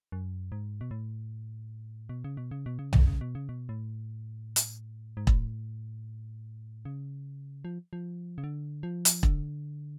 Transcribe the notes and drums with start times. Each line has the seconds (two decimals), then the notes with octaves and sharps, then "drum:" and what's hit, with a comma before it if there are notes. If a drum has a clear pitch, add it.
0.12 F#2
0.52 G#2
0.81 B2
0.91 A2
2.09 B2
2.24 C#3
2.37 B2
2.51 C#3
2.66 B2
2.79 C#3
2.93 B2, drum: tom
3.07 C#3
3.21 B2
3.35 C#3
3.49 B2
3.69 A2
4.56 drum: hi-hat
5.17 G#2
5.27 A2, drum: kick E1
6.85 C#3
7.65 F3
7.93 F3
8.38 C#3
8.44 D3
8.83 F3
9.05 drum: hi-hat
9.23 D3, drum: kick E1